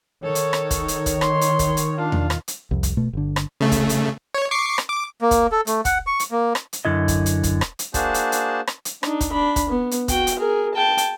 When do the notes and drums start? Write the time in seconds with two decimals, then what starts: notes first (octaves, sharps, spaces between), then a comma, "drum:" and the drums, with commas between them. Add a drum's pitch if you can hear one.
0.23 D#3 A4 C#5
0.35 drum: hi-hat
0.53 drum: rim click
0.71 drum: kick, hi-hat
0.88 drum: hi-hat
1.06 drum: kick, hi-hat
1.21 C6, drum: rim click
1.41 drum: hi-hat
1.59 drum: kick, hi-hat
1.77 drum: hi-hat
1.98 D4 F4
2.12 drum: tom E2
2.30 drum: rim click
2.48 drum: hi-hat
2.71 C2 F2
2.83 drum: kick, hi-hat
2.97 B2 A3
3.13 G1 D3
3.36 drum: rim click
3.61 C#3 A3
3.72 drum: kick, hi-hat
3.89 drum: hi-hat
4.34 C#5
4.51 C#6 D6 C7
4.78 drum: rim click
4.89 D6
5.22 A#3
5.31 drum: kick, hi-hat
5.52 A4
5.67 A3, drum: hi-hat
5.85 F#5, drum: kick, hi-hat
6.07 C#6
6.20 drum: hi-hat
6.31 A#3
6.55 drum: rim click
6.73 drum: hi-hat
6.85 F#2 D3 E4 D#5
7.08 drum: kick, hi-hat
7.26 drum: hi-hat
7.43 drum: kick, hi-hat
7.61 drum: rim click
7.79 drum: hi-hat
7.94 A#3 D4 F#4 G#4 C5 A5, drum: kick, hi-hat
8.14 drum: hi-hat
8.32 drum: hi-hat
8.67 drum: rim click
8.85 drum: hi-hat
9.03 D4 D#4, drum: rim click
9.21 drum: kick, hi-hat
9.32 D4 B5
9.56 drum: kick, hi-hat
9.69 B3
9.91 drum: hi-hat
10.08 F#4 G5, drum: kick, hi-hat
10.27 drum: hi-hat
10.38 G#4 A#4
10.75 G5 A5
10.98 drum: hi-hat